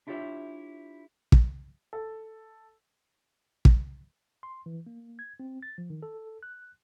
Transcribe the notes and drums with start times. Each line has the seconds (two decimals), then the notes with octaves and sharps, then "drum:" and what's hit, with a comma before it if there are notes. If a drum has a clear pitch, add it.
0.07 D4 E4 F4 G4 C#5 E5
1.32 drum: kick
1.93 A4
3.65 drum: kick
4.43 C6
4.66 E3
4.87 A#3
5.19 G#6
5.40 C4
5.63 A6
5.78 F3
5.90 D#3
6.03 A4
6.43 F#6